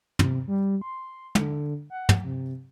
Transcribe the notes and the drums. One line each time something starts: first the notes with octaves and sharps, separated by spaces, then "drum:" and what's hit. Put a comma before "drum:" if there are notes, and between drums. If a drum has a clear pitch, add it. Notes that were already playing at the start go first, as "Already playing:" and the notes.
C3, drum: tom
G3
C6
D3, drum: tom
F#5
drum: tom
C3